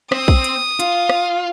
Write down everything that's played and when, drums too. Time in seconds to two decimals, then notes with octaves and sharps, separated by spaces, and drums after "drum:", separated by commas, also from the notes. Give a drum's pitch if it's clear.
0.12 C4 D#6, drum: rim click
0.28 drum: kick
0.44 drum: hi-hat
0.80 F4, drum: hi-hat
1.09 drum: rim click